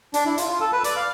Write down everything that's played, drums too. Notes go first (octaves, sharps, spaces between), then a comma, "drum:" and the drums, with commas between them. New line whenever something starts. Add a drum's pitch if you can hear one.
D4, drum: hi-hat
E4
F4, drum: hi-hat
F4
A4
B4
D5, drum: hi-hat
F5